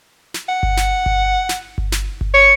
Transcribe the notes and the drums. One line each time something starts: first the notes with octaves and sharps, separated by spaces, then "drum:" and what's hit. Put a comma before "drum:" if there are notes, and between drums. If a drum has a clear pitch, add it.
drum: snare
F#5
drum: kick G1
drum: snare
drum: kick G1
drum: snare
drum: kick G1
drum: snare
drum: kick G1
C#5 C#7